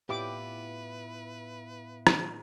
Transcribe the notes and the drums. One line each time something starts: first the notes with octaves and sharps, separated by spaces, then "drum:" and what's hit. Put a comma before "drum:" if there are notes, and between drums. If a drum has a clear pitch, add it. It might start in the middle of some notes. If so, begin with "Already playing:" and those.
A2 B3 E4 F4 G4 B4 D6
drum: rim click